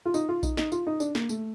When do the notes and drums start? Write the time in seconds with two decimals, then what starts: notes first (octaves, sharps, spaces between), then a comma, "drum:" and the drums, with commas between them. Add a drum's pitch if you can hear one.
0.05 F4
0.14 D#4, drum: tambourine
0.29 F4
0.43 D#4, drum: kick A#1, tambourine
0.57 D#4, drum: snare
0.72 F4, drum: tambourine
0.87 D#4
1.00 D4, drum: tambourine
1.15 A#3, drum: snare
1.29 A3, drum: tambourine